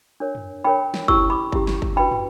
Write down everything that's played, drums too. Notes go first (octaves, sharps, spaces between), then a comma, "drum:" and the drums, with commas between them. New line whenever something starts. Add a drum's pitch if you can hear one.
D4 A#4 C#5
drum: tom
D4 A#4 C#5 G5 B5
drum: snare
C#4 E4 G4 C#6 E6, drum: kick G1
B5 D6
C#4 E4 G4, drum: kick G1
drum: snare
drum: kick G1
D4 F#4 B4 G5 B5
drum: tom